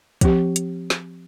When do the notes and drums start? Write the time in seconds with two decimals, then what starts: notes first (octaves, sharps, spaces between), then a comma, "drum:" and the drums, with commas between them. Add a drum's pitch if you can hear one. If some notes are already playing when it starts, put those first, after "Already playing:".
0.21 F3 C4 G4, drum: kick, hi-hat
0.56 drum: hi-hat
0.90 drum: snare